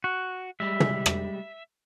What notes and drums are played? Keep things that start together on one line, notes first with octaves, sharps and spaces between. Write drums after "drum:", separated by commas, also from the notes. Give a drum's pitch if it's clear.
F#4
G3 G#3 E5
drum: tom
drum: rim click